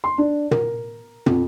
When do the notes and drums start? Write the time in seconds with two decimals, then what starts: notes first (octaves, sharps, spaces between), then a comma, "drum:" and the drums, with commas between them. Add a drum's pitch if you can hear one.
0.04 C6
0.18 D4
0.51 A#4, drum: tom
1.26 F2, drum: tom